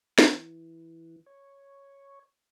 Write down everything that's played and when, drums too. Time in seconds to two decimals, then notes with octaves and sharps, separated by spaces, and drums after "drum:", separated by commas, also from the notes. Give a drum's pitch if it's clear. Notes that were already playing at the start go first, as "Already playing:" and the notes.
0.18 E3, drum: snare
1.26 C#5